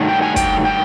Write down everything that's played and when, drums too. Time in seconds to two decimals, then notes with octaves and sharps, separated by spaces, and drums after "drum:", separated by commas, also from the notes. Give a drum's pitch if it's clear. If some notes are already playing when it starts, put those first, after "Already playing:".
Already playing: G2 D#3 F#3 A3
0.09 G5
0.22 G#5
0.36 G5, drum: kick, hi-hat
0.65 G5